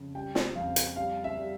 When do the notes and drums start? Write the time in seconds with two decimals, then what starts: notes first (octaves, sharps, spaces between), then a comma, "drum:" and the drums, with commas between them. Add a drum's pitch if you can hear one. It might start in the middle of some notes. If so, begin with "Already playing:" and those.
Already playing: F2 C#3
0.15 G3 G5
0.35 drum: snare
0.55 F2 F5
0.76 drum: hi-hat
0.96 G3 F5
1.24 E5
1.37 G3